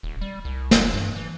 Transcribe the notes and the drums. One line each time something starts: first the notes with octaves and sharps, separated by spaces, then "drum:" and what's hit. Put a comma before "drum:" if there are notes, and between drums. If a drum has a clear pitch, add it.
D#1
G3
C2
E1, drum: snare
G2
E3